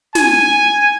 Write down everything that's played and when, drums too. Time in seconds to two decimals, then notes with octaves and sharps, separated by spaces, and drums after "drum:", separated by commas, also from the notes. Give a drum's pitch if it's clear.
0.15 G#5, drum: snare